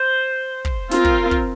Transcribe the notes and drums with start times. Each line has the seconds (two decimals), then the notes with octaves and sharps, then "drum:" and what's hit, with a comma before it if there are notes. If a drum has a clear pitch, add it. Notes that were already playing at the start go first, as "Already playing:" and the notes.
Already playing: C5
0.65 drum: kick
0.91 C4 F4 A#4, drum: snare
1.05 drum: kick
1.31 drum: kick